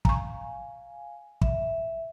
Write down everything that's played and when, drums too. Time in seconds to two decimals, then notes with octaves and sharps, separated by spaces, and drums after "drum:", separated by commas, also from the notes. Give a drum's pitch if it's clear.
0.05 F5 G#5 A#5 C#6, drum: kick
1.41 E5, drum: kick